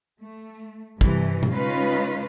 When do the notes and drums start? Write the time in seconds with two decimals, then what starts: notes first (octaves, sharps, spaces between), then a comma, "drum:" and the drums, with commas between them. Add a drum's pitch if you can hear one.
0.21 A3
1.01 G2 C3 E3, drum: kick
1.43 drum: tom B2
1.52 C#3 G#3 C#4 D#4 F4 B4